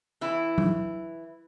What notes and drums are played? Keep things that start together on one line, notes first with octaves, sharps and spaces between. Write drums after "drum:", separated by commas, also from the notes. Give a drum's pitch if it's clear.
E3 E4
drum: tom F#3